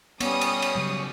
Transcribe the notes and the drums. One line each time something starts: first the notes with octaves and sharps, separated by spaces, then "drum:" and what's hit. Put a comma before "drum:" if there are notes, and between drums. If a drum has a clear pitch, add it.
G3 B3 C#4 C#5 D#6, drum: cymbal
drum: cymbal
drum: cymbal
C#3 F#3 G3